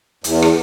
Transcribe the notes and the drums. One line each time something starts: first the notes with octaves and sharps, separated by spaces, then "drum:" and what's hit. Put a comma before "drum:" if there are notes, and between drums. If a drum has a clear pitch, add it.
E2, drum: hi-hat
drum: rim click